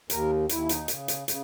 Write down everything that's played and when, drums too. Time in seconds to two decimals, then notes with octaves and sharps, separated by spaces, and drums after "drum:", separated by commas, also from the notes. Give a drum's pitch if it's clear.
0.10 D#2 A#4, drum: hi-hat
0.49 D#2 E4, drum: hi-hat
0.69 D#4, drum: hi-hat
0.88 C#3, drum: hi-hat
1.08 drum: hi-hat
1.28 C#3, drum: hi-hat